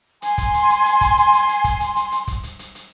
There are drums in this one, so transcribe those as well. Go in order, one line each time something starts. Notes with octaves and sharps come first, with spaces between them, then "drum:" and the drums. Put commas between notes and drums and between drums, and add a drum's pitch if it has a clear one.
G#5 C6, drum: hi-hat
drum: kick, hi-hat
drum: hi-hat
drum: hi-hat
drum: hi-hat
drum: kick, hi-hat
drum: hi-hat
drum: hi-hat
drum: hi-hat
drum: kick, hi-hat
drum: hi-hat
drum: hi-hat
drum: hi-hat
drum: kick, hi-hat
drum: hi-hat
drum: hi-hat
drum: hi-hat